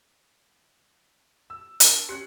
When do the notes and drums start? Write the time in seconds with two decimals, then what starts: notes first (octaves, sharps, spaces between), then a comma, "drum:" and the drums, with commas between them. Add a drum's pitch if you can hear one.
1.50 E6
1.80 D4 A#4, drum: hi-hat
2.09 C#4 G4 F#6 C#7